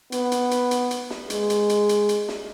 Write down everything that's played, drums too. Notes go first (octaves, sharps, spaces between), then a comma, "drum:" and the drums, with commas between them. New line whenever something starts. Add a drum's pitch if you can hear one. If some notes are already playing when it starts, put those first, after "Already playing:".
B3, drum: hi-hat
drum: hi-hat
drum: hi-hat
drum: hi-hat
drum: hi-hat
drum: snare
G#3, drum: hi-hat
drum: hi-hat
drum: hi-hat
drum: hi-hat
drum: hi-hat
drum: snare